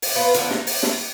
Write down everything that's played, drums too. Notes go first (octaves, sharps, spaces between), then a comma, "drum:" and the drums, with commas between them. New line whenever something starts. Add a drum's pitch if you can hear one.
drum: open hi-hat
B3 F4 B4 F5
D3 F3 B3 D4, drum: hi-hat
D#4, drum: snare
drum: open hi-hat
drum: snare